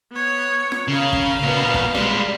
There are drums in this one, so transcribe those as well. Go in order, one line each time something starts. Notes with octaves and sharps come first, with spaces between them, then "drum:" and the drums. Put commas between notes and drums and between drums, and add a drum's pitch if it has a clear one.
B3 C#5
drum: snare
C#3 A#4 F5
drum: kick
A#2 B3
drum: kick
G3 G#3, drum: snare